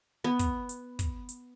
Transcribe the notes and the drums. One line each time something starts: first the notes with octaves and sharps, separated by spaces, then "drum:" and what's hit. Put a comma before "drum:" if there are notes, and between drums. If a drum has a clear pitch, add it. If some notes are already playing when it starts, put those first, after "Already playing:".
B3
drum: kick, hi-hat
drum: hi-hat
drum: kick, hi-hat
drum: hi-hat